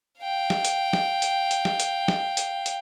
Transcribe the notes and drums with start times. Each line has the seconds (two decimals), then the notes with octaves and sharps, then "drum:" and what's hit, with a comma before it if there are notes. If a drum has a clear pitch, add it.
0.21 F5 G5
0.50 drum: snare
0.65 drum: hi-hat
0.93 drum: snare
1.22 drum: hi-hat
1.51 drum: hi-hat
1.65 drum: snare
1.80 drum: hi-hat
2.08 drum: snare
2.37 drum: hi-hat
2.66 drum: hi-hat